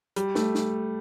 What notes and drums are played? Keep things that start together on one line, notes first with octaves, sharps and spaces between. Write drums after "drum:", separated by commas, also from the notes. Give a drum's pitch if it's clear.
G3, drum: hi-hat
A3, drum: snare
drum: snare